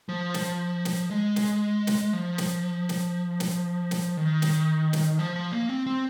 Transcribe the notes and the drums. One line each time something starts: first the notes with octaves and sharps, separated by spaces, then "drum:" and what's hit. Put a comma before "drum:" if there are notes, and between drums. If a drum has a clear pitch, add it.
F3
drum: snare
drum: snare
G#3
drum: snare
drum: snare
F3
drum: snare
drum: snare
drum: snare
drum: snare
D#3
drum: snare
drum: snare
F3
F3
A#3
C4
C4